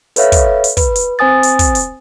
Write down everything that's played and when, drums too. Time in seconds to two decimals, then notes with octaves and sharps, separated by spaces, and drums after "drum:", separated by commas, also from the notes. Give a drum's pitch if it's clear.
0.16 A4 B4 C#5 E5 F5, drum: hi-hat
0.32 drum: kick, hi-hat
0.64 drum: hi-hat
0.77 B4, drum: kick, hi-hat
0.96 drum: hi-hat
1.19 C4 C5 G#5 D#6 A6
1.43 drum: hi-hat
1.59 drum: kick, hi-hat
1.75 drum: hi-hat